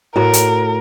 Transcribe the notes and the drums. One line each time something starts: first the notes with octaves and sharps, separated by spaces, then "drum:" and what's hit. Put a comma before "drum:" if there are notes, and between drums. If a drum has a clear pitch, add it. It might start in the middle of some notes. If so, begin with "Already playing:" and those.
A2 F#4 A#4 F#5
drum: hi-hat